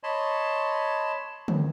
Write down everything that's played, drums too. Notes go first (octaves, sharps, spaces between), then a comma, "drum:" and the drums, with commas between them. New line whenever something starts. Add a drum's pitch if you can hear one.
C#5 D#5 A5 B5 C6
drum: tom D3